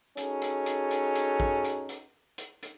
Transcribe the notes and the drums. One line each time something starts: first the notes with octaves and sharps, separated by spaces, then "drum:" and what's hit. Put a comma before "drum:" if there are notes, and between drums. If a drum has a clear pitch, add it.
C#4 D#4 F#4 G#4 A4, drum: hi-hat
drum: hi-hat
drum: hi-hat
drum: hi-hat
drum: hi-hat
drum: kick
drum: hi-hat
drum: hi-hat
drum: hi-hat
drum: hi-hat